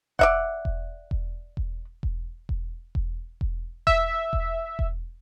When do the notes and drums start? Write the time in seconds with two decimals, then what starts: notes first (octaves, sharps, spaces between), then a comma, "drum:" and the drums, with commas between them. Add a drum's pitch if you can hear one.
0.19 D5 E5 F#5, drum: kick E1
0.65 drum: kick E1
1.11 drum: kick E1
1.57 drum: kick E1
2.03 drum: kick E1
2.49 drum: kick E1
2.95 drum: kick E1
3.41 drum: kick E1
3.87 E5, drum: kick E1
4.33 drum: kick E1
4.79 drum: kick E1